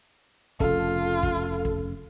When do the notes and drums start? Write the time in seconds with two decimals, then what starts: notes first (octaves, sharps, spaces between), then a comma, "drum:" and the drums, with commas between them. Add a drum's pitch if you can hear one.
0.60 F1 C#3 F4 A4, drum: kick
1.23 drum: kick
1.65 drum: kick